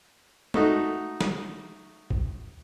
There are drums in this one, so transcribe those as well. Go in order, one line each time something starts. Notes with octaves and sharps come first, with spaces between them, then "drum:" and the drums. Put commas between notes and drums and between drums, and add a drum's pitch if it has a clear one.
A3 D#4 F#4, drum: tom
drum: snare
drum: kick